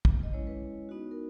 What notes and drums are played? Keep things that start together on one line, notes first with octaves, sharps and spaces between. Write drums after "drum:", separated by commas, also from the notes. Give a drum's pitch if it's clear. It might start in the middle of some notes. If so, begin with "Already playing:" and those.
drum: kick
D#5
G#3 C#4 E4 C#5
B4
B3 D#4 F#4
A#4